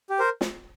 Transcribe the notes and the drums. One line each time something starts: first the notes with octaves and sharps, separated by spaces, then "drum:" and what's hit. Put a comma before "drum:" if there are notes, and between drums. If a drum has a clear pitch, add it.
G4
A#4 C5
drum: snare